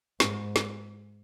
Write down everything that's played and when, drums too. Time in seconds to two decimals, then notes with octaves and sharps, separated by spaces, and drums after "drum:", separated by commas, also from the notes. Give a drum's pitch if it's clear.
0.20 G#2, drum: snare
0.56 drum: snare